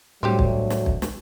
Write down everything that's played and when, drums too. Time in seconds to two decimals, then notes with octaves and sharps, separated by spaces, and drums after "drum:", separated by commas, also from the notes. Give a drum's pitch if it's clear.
0.23 D2 A2 F#3 G3 C4 D4 G4
0.39 drum: kick
0.70 drum: snare
0.86 drum: kick
1.02 drum: snare